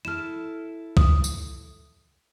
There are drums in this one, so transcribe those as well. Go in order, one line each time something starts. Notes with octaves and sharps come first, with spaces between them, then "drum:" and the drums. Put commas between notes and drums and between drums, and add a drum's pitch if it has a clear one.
E4 A4 F6 E7
D#6, drum: kick B1
drum: tambourine